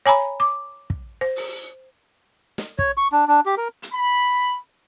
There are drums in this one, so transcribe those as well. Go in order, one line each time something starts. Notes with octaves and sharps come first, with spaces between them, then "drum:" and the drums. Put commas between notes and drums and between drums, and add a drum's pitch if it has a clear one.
C#5 G#5 A#5 B5
D6
drum: kick
C5
drum: open hi-hat
drum: snare
C#5, drum: kick
C#6
D4
D4
G4
A#4
drum: hi-hat
B5